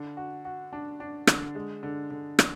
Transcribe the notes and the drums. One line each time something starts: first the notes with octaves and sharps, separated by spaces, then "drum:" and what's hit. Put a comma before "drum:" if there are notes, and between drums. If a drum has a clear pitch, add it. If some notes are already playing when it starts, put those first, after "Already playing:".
Already playing: D3
F#4
F#4
D4
D4
D3, drum: rim click
G#3
D3
D3
D3, drum: rim click